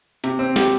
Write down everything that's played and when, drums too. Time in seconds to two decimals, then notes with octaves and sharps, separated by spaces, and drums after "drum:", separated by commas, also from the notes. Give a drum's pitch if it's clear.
0.24 C3, drum: hi-hat
0.39 C4
0.56 G4, drum: snare